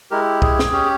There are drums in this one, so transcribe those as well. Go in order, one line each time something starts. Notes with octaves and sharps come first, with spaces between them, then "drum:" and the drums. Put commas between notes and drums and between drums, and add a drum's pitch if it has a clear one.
G#3 E4 G4 A#4
G#4, drum: kick
drum: snare
C#4 G4